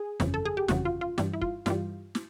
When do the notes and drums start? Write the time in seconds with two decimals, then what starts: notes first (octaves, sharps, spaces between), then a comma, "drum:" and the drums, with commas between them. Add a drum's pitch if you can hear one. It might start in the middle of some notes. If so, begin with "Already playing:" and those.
Already playing: G#4
0.20 G1 F2 C#3 E3, drum: snare
0.34 A4
0.45 G#4
0.57 G4
0.68 G1 F2 C#3 E3 F#4, drum: snare
0.85 F4
1.01 F4
1.18 G2 E3 G3, drum: snare
1.33 E4
1.42 F4, drum: kick
1.66 G2 E3 G3 F4, drum: snare
2.15 drum: snare